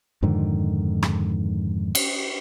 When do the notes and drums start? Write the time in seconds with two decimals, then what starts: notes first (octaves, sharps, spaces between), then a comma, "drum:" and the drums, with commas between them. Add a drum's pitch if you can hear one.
0.22 F2 G#2 D3 D#3
1.02 drum: rim click
1.95 drum: cymbal